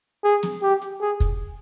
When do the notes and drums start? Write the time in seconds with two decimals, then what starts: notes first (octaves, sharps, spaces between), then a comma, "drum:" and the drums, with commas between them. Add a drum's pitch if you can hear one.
0.24 G#4
0.43 drum: snare
0.62 G4
0.82 drum: hi-hat
1.01 G#4
1.20 drum: kick, hi-hat